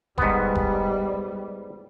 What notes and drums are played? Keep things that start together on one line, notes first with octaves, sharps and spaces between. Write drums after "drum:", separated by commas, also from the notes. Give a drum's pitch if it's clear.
G#2 G3 B3, drum: kick F1
drum: kick F1